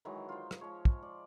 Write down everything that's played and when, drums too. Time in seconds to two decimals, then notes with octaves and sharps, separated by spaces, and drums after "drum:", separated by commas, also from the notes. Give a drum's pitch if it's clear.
0.05 D#3 E3 F#3 G#3
0.29 F4 C5
0.51 drum: rim click
0.61 F3 G#3 C#5
0.85 drum: kick
1.03 D5